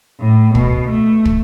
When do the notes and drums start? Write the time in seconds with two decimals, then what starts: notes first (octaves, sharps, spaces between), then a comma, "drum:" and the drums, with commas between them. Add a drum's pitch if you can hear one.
0.20 A2
0.55 B2, drum: kick
0.90 A3
1.25 drum: kick